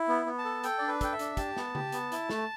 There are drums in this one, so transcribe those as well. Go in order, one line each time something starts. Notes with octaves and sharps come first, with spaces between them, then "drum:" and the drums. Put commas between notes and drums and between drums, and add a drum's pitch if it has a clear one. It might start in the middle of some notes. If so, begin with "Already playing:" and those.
Already playing: E4
B3
B3
A5
A4
A4 G5, drum: hi-hat
D4 D5
B4
A4 G5, drum: kick, hi-hat
E5
D4, drum: hi-hat
G4 A5, drum: kick, hi-hat
B3, drum: snare
G4, drum: tom C#3
B3, drum: hi-hat
E4, drum: hi-hat
A3, drum: snare